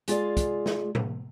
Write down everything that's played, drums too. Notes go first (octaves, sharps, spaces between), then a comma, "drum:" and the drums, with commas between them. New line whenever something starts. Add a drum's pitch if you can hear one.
G#3 F4 G#4 D5, drum: hi-hat
drum: kick, hi-hat
drum: snare
drum: tom A2